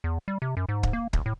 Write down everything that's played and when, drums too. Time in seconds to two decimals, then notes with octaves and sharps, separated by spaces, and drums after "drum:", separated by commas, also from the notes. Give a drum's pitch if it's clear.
0.04 E2
0.28 G3
0.42 C3
0.57 F#2
0.69 G#2
0.83 drum: kick
0.93 A#3
1.13 D#1, drum: kick
1.26 A2